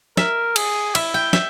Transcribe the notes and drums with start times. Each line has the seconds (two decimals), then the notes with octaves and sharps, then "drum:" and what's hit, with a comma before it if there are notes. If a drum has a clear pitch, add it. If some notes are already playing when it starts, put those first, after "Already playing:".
0.17 A#4 E5, drum: snare
0.56 G#4, drum: cymbal
0.95 E4 E5, drum: cymbal
1.14 G5
1.33 E5, drum: snare